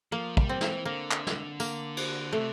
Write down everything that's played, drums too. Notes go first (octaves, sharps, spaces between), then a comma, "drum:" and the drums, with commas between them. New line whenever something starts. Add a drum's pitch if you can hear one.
F3 A#3
G3, drum: kick
C4
E3, drum: snare
D3 A#3
drum: clap
drum: snare
A#3, drum: tambourine
drum: cymbal
C3 A3